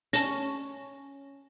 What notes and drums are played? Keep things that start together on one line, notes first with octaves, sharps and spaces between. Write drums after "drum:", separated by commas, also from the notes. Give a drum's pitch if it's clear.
C#4 A5 A#6, drum: hi-hat